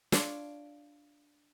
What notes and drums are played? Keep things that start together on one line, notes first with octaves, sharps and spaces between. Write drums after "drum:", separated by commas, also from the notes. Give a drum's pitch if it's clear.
D4 F4 C#5 D5, drum: snare